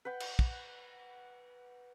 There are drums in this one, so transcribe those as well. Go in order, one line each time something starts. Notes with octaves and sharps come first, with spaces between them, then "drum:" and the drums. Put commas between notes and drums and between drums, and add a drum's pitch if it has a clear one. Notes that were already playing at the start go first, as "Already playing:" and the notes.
B4 F#5 G5
drum: cymbal
drum: kick